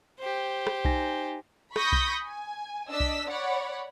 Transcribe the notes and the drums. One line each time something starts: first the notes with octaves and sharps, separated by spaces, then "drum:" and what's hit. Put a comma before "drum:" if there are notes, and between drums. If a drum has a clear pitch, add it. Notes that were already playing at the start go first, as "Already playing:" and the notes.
G4 C5
drum: rim click
D#4 G#5 A#6, drum: kick B1
B5 C#6 D#6 G6 A#6 B6, drum: rim click
drum: kick B1
G#5
D4 D#5 E6 B6
drum: kick B1
C#5 D5 F#5 B5